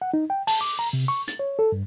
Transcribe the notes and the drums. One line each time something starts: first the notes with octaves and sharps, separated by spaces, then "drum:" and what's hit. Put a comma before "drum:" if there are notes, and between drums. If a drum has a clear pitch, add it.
F#5
D#4
G5
A5, drum: open hi-hat
D6
A#5
C3
C#6
A6, drum: hi-hat
C#5
A4
G2